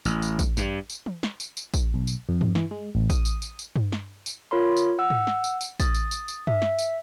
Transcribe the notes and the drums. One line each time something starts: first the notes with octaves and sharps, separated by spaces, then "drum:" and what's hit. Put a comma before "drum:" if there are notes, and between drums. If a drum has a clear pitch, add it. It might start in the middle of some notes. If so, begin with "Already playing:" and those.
A1, drum: tambourine
drum: tambourine
drum: kick, tambourine
G2, drum: tambourine
drum: tambourine
drum: tom
drum: snare
drum: tambourine
drum: tambourine
drum: kick, tambourine
B1
drum: tambourine
F2
drum: tom G2
E3, drum: snare
G#3
A1
D#6, drum: kick, tambourine
drum: tambourine
drum: tambourine
drum: tambourine
drum: tom G2
drum: snare
drum: tambourine
F4 A#4 C#5 B5 C6
drum: tambourine
F#5 E6
drum: tom G#2
drum: snare
drum: tambourine
drum: tambourine
D#6 A6, drum: kick, tambourine
drum: tambourine
drum: tambourine
drum: tambourine
E5, drum: tom G2
drum: snare
drum: tambourine